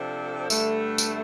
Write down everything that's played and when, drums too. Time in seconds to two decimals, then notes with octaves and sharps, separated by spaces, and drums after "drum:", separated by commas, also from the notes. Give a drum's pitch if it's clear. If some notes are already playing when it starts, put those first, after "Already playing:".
Already playing: C3 F3 D4 A4 C5
0.50 G2 D3 A3, drum: tambourine
0.98 drum: tambourine